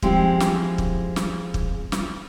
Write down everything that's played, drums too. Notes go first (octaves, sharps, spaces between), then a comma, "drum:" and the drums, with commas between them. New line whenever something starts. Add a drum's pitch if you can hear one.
F3 G#3 C4 E4 G4, drum: kick
drum: snare
drum: kick
drum: snare
drum: kick
drum: snare